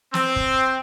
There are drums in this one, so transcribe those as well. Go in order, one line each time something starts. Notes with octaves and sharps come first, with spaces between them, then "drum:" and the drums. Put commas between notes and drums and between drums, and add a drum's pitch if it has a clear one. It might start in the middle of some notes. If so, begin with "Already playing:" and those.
C4, drum: snare
drum: kick